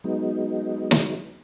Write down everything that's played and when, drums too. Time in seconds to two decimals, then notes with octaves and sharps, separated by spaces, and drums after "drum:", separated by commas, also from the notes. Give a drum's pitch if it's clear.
0.04 F#3 G#3 B3 D#4
0.91 drum: snare